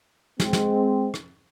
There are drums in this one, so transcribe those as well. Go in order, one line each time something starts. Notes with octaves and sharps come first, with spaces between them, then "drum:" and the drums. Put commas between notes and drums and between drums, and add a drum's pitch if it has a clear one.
G#3 C4, drum: snare
drum: snare
drum: rim click